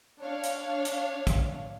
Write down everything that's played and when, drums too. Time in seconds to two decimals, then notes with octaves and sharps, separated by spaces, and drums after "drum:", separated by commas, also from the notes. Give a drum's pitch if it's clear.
0.23 D4 C#5 F5
0.44 drum: hi-hat
0.85 drum: hi-hat
1.27 drum: kick, hi-hat